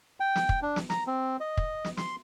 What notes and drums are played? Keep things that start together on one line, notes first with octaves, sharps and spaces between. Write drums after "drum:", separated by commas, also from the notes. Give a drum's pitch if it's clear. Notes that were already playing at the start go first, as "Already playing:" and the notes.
G5
drum: snare
drum: kick
D4
drum: snare
A#5, drum: snare
C4
D#5
drum: kick
drum: snare
C6, drum: snare